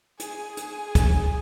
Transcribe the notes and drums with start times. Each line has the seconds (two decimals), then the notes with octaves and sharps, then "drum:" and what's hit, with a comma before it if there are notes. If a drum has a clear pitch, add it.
0.20 G#4, drum: hi-hat
0.57 G#4, drum: hi-hat
0.95 drum: kick, hi-hat